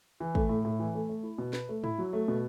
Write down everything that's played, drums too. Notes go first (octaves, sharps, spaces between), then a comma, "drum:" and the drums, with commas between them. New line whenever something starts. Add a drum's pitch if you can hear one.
E3
A3, drum: kick
A2
A2
E3
A3
A3
E4
B2
B4, drum: snare
A3
E4, drum: tom G#2
F#3
A3
B2